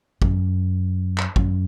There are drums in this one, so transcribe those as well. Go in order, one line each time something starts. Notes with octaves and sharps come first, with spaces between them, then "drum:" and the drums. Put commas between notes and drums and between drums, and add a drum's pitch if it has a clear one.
F#2, drum: kick G#1
drum: clap
F#2, drum: kick G#1